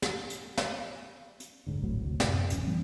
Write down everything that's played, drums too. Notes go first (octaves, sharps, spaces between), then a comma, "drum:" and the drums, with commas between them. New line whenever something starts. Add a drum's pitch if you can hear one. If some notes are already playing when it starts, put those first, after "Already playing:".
drum: snare
drum: hi-hat
drum: snare
drum: hi-hat
D#1 G#2 D3
D1 G#1 A2 F#3
D2 C3
F#2 A2 C3, drum: snare
D1 A#1 C#4, drum: hi-hat
E3 G3 B3 C#4